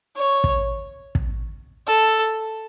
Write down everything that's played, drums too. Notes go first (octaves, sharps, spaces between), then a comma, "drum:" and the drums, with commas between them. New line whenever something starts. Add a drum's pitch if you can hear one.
C#5
drum: kick
drum: kick
A4